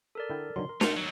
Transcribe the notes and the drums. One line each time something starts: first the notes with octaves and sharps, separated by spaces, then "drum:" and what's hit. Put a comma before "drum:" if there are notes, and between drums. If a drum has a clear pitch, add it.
A4 A#4 D5
D3 E4 G5
D3 D#3 F#3 C6
A#4
A3 F4 C#7, drum: snare
D#2 F#3